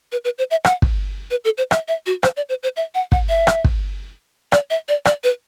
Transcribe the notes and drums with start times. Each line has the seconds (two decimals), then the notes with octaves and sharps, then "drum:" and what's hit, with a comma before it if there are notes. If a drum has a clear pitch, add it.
0.12 B4
0.25 B4
0.38 C5
0.51 E5
0.65 F#5, drum: rim click
0.82 drum: kick
1.31 B4
1.45 A4
1.58 C5
1.71 E5, drum: rim click
1.88 E5
2.06 F#4
2.23 C5, drum: rim click
2.37 D5
2.49 C5
2.63 C5
2.76 E5
2.94 F#5
3.12 F#5, drum: kick
3.29 E5
3.47 drum: rim click
3.64 drum: kick
4.52 D5, drum: rim click
4.70 E5
4.89 D5
5.05 D5, drum: rim click
5.24 B4